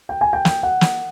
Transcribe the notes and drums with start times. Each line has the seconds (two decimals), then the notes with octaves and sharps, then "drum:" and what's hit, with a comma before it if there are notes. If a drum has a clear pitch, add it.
0.09 G5
0.21 G#5
0.33 G5
0.45 G5, drum: snare
0.63 F#5
0.81 drum: snare